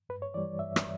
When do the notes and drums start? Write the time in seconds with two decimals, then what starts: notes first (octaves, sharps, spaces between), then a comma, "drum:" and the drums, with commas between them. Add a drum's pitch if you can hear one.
0.09 G2 B4
0.22 C#5
0.34 E3 G3 D5
0.59 G2 E5
0.76 drum: rim click